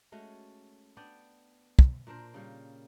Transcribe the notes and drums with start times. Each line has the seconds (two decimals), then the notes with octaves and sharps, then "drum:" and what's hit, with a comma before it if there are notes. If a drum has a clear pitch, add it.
0.12 G#3 A3 C#4 F#4
0.97 B3 D4 D5 G5
1.79 drum: kick
2.07 A#2 D4 A#4 C5
2.34 C#3 G3 A#3